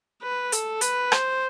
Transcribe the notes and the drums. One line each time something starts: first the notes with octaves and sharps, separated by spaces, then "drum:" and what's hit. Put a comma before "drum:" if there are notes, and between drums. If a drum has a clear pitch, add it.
B4
A4, drum: hi-hat
B4, drum: hi-hat
C5, drum: rim click